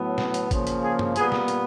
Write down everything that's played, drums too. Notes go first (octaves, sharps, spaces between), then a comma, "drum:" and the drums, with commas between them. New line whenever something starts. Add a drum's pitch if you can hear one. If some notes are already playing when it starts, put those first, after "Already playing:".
Already playing: A2 F#3 B3
drum: snare
drum: hi-hat
C#3 F3 A#3, drum: kick, hi-hat
drum: hi-hat
G#4
drum: tom G2
A#2 G3 B3 G#4, drum: hi-hat
drum: snare
drum: hi-hat